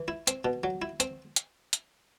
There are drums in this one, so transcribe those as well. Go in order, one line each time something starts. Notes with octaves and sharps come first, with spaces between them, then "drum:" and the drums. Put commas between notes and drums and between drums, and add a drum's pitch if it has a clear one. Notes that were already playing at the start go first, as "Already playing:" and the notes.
Already playing: E3
E4
C4, drum: hi-hat
B2
F#3
E4
C4, drum: hi-hat
drum: hi-hat
drum: hi-hat